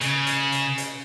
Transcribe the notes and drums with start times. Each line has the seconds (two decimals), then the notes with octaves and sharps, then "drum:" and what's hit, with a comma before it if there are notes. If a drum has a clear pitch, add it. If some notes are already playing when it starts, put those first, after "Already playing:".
0.01 C#3, drum: hi-hat
0.27 drum: hi-hat
0.52 drum: hi-hat
0.78 drum: hi-hat